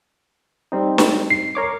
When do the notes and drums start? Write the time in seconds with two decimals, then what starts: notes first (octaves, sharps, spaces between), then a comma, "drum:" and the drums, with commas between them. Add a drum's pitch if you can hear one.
0.72 G3 C4 D#4
0.98 drum: snare
1.30 C7
1.55 A#4 C#5 D6